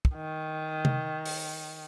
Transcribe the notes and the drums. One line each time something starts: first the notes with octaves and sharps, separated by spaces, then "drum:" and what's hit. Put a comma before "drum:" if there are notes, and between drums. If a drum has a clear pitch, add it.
drum: kick
D#3
drum: tom C3
drum: open hi-hat